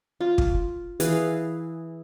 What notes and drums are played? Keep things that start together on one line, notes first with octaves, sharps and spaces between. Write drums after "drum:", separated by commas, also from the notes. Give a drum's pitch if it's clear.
F4
drum: kick
E3 G#4 B4 F5, drum: hi-hat